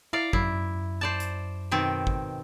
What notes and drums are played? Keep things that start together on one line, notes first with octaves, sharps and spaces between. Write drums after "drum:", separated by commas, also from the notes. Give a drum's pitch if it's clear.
E4 D5 F5 A#5
F#2 E4, drum: kick
C5 D5 A5
drum: hi-hat
B2 D#3 C4
drum: kick